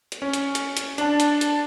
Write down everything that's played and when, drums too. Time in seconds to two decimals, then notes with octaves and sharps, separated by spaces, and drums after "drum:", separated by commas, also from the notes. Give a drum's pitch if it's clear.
0.12 drum: hi-hat
0.22 C#4
0.33 drum: hi-hat
0.55 drum: hi-hat
0.77 drum: hi-hat
0.98 D4 A5, drum: hi-hat
1.20 drum: hi-hat
1.41 drum: hi-hat